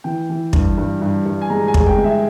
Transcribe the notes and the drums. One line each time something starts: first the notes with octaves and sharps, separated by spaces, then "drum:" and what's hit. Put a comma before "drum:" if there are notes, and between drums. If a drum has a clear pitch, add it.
E3 G5
E3
G2, drum: kick
G2
G2
G2
G#5
G#3 A#5
G#5
G#3, drum: kick
G5
G#3
E5